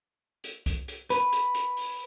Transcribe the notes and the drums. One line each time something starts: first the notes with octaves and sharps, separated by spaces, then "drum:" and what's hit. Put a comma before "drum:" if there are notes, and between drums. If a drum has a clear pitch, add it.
drum: hi-hat
drum: kick C2, hi-hat
drum: hi-hat
B4, drum: hi-hat
drum: hi-hat
drum: hi-hat
drum: open hi-hat